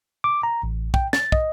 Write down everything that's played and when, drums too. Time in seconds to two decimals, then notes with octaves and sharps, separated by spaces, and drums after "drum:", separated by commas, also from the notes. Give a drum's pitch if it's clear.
0.24 D6
0.43 A#5
0.63 A1
0.94 G5, drum: kick
1.13 A6, drum: snare
1.32 D#5, drum: kick